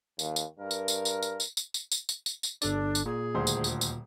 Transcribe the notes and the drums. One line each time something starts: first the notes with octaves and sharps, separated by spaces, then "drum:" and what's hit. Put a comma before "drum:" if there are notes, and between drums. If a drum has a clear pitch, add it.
D#2, drum: tambourine
drum: tambourine
G2 A#4
drum: tambourine
drum: tambourine
drum: tambourine
drum: tambourine
drum: tambourine
drum: tambourine
drum: tambourine
drum: tambourine
drum: tambourine
drum: tambourine
drum: tambourine
G1 D4 A4 D5, drum: tambourine
drum: tambourine
A#2 G#4
D#1 D2 C5
drum: tambourine
drum: tambourine
drum: tambourine